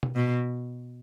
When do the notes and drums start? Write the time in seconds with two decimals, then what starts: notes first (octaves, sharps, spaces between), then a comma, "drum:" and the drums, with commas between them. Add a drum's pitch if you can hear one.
0.03 drum: tom
0.15 B2